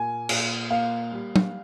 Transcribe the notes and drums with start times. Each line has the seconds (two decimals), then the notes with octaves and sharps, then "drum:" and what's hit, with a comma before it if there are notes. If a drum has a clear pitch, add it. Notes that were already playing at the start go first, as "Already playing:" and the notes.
Already playing: A#2 A#3 G#5
0.29 A#2, drum: cymbal
0.70 A#3 F5
1.12 G3
1.36 drum: tom